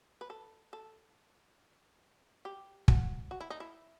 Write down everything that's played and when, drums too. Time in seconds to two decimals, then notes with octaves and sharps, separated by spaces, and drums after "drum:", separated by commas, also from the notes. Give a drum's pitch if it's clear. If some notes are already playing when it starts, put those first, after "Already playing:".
0.21 B4
0.30 A4
0.73 A4
2.45 G4
2.88 F#4, drum: kick
3.31 F#4
3.41 E4
3.50 D#4
3.60 E4